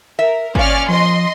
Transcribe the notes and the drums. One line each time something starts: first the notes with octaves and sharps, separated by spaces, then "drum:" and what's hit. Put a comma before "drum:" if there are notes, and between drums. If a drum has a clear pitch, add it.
A#4 E5
A#2 C#4 D5 F5 F6, drum: kick G1
F3 D#5 C6